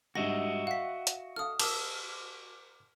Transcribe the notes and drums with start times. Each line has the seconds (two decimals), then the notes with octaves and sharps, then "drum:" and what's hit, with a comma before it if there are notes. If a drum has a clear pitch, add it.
0.15 G#2 G3 D4 F#4 D#5 E5 A#6
0.67 F5 F#5 B6
1.07 drum: hi-hat
1.36 A4 F5 D#6 F6
1.59 A#4 A5 D6 E6 F6, drum: cymbal